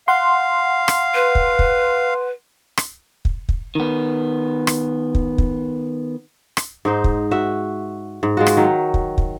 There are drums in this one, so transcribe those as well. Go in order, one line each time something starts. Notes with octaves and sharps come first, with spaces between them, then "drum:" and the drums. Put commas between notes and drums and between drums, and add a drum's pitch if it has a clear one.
F5 F#5 C6
drum: rim click
B4
drum: kick
drum: kick
drum: rim click
drum: kick
drum: kick
D#3 B3
drum: rim click
drum: kick
drum: kick
drum: rim click
G#2 D#4 C5
drum: kick
F#4 E5
G#2
G#3 F4 F#4
drum: rim click
D#3 F#3
drum: kick
drum: kick